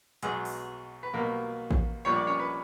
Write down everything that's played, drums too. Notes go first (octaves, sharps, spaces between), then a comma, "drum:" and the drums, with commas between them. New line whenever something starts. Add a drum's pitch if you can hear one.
B1 B2 F#3 G#3 G#4, drum: hi-hat
drum: open hi-hat
B4
B1 B2 F#3 A#3 A#4
drum: kick A1
A#1 A#2 G3 C#5
D5
C#4 C#5
B4